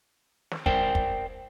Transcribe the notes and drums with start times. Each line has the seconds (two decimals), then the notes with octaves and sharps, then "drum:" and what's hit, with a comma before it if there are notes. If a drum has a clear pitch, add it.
0.51 drum: snare
0.66 A#4 C5 D5 G5, drum: kick
0.95 drum: kick